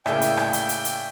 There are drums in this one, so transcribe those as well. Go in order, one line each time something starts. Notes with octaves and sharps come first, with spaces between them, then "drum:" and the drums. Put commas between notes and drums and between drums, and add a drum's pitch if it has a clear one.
A2 C#3 A#3 D5 E5 G5 G#5, drum: rim click
drum: hi-hat
drum: rim click
drum: hi-hat
drum: hi-hat
drum: hi-hat